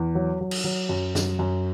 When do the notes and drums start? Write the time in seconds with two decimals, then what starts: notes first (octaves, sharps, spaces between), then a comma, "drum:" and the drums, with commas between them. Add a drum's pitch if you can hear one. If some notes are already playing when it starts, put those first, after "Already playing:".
Already playing: E2
0.15 F#3
0.41 F#3
0.51 drum: cymbal
0.64 F#3
0.89 F#2
1.15 F#2, drum: snare
1.39 F#2